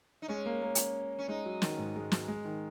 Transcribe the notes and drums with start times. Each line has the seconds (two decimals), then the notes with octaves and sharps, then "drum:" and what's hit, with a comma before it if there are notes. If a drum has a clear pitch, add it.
0.22 D#4
0.28 G#3 C#4
0.46 A#3
0.62 A#3
0.75 drum: hi-hat
1.18 C#4
1.28 G#3 D#4
1.45 F#3
1.62 D#3, drum: snare
1.78 G#2
1.96 G#3
2.12 F#3, drum: snare
2.28 G#3
2.45 D#3